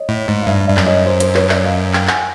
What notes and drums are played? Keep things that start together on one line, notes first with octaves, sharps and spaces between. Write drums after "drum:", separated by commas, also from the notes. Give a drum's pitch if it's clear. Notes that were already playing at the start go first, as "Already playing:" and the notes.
Already playing: C#5 D#5
A2
G#2
F5
G2 D5 E5
G2 D5 E5
F#2, drum: clap
C#5 D#5
C5
C5, drum: hi-hat
B4 C#5, drum: clap
D5 E5, drum: clap
D#5 F5
F5 G5, drum: clap
F#5 G#5, drum: clap